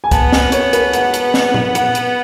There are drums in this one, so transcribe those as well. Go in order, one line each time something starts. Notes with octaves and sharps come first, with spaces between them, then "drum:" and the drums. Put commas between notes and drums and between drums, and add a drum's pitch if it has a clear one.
G#5
B3 A5, drum: kick C#2, hi-hat
G#5, drum: snare
C#5, drum: hi-hat
B4, drum: hi-hat
F#5, drum: hi-hat
drum: hi-hat
drum: snare
drum: tom A#2
F#5, drum: hi-hat
drum: hi-hat